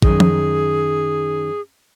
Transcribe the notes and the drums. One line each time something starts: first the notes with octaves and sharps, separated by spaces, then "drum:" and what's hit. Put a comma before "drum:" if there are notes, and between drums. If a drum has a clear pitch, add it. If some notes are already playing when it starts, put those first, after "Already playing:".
F#2 D#3 G#4, drum: kick
drum: tom